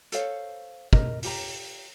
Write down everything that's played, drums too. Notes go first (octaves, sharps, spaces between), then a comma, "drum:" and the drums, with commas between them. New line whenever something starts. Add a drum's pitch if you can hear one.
A4 C5 C#5 F5, drum: hi-hat
A#4 D#5, drum: kick
F4 G4 A#5, drum: open hi-hat